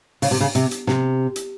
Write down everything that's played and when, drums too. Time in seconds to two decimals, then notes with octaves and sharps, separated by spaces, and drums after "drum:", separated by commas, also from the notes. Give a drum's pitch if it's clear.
0.22 C#3, drum: open hi-hat
0.31 C3
0.41 C#3
0.55 C3, drum: hi-hat
0.71 drum: hi-hat
0.87 C3, drum: snare
1.36 drum: hi-hat